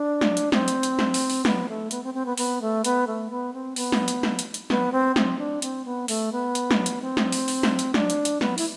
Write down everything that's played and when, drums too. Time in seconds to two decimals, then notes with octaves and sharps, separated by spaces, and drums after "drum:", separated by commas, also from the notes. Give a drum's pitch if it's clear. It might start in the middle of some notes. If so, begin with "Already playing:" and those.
Already playing: D4
0.21 drum: snare
0.37 drum: hi-hat
0.52 C4, drum: snare
0.68 drum: hi-hat
0.83 drum: hi-hat
0.99 drum: snare
1.14 drum: open hi-hat
1.30 drum: open hi-hat
1.45 B3, drum: snare
1.69 A3
1.91 B3, drum: hi-hat
2.04 C4
2.14 C4
2.26 B3
2.38 B3, drum: open hi-hat
2.62 A3
2.84 B3, drum: hi-hat
3.07 A3
3.30 B3
3.54 C4
3.76 B3, drum: open hi-hat
3.92 drum: snare
4.08 drum: hi-hat
4.23 drum: snare
4.39 drum: hi-hat
4.54 drum: hi-hat
4.70 B3, drum: snare
4.92 C4
5.16 C4, drum: snare
5.39 D4
5.62 C4, drum: hi-hat
5.85 B3
6.08 A3, drum: open hi-hat
6.32 B3
6.55 drum: hi-hat
6.71 drum: snare
6.86 drum: hi-hat
7.02 C4
7.17 drum: snare
7.32 drum: open hi-hat
7.48 drum: open hi-hat
7.63 drum: snare
7.79 drum: hi-hat
7.94 D4, drum: snare
8.10 drum: hi-hat
8.25 drum: hi-hat
8.41 B3, drum: snare
8.58 E4, drum: open hi-hat